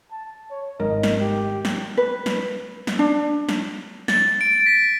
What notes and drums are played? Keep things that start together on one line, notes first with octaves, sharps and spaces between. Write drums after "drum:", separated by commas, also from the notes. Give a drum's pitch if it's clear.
A5
C#5
G#1 A#4 D#5
drum: snare
G4
drum: snare
B4
drum: snare
drum: snare
D4
drum: snare
A6, drum: snare
D7
B6